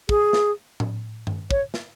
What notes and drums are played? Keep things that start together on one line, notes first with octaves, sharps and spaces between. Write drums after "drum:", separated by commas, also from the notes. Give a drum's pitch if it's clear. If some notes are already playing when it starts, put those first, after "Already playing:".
G#4, drum: kick
drum: snare
drum: tom A2
drum: tom G2
C#5, drum: kick
drum: snare